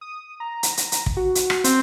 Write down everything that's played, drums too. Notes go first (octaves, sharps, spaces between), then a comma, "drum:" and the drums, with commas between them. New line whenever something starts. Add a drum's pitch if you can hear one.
D#6
A#5
drum: hi-hat
drum: hi-hat
drum: hi-hat
drum: kick
F#4
drum: hi-hat
drum: rim click
C4, drum: hi-hat